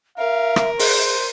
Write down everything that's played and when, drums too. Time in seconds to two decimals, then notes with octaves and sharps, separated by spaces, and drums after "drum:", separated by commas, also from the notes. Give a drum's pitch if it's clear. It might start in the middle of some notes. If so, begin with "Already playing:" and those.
0.18 A#4 E5 F5
0.56 drum: rim click
0.79 G#4 C5, drum: open hi-hat